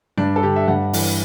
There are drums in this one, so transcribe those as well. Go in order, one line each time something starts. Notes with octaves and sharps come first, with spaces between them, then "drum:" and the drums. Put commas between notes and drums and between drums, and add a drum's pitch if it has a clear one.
G2 D4
A4
D3 G4
E5
G2 F#5
E3, drum: open hi-hat